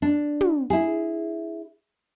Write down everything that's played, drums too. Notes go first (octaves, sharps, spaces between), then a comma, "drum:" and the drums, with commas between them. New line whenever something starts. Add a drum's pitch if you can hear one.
D4
drum: tom
E4 G#4, drum: hi-hat